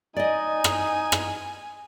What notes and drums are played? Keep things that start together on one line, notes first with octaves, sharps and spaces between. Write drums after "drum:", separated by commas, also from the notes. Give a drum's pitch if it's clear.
D#4 D5 D#5 G#5
drum: rim click
drum: rim click